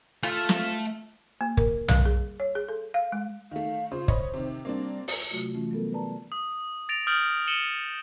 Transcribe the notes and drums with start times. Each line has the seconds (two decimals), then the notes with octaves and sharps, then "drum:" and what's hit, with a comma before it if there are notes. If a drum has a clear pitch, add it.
0.23 A3 F4
0.49 drum: snare
1.41 A#3
1.57 A#4, drum: kick
1.88 G3, drum: tom B1
2.05 G#4
2.40 C#5
2.55 G#4
2.68 A4
2.94 F5
3.12 G#3
3.51 D#3 A3 F5
3.91 C#3 F4 C5
4.08 C5 C#5 D#5 B5, drum: kick
4.34 C3 D#3
4.65 G3 A#3 C4 D4
5.08 drum: open hi-hat
5.31 C3 F#3 A3 F4 F#4
5.55 E3 A3 C#4 F4
5.71 F#3 G3 B3 A4 A#4
5.93 B4 D5 A5 A#5
6.32 D#6
6.89 A6 A#6 D7 F7
7.07 D#6 F6 G6 A6 D7 F#7
7.48 C#7 D#7 E7 F#7 G7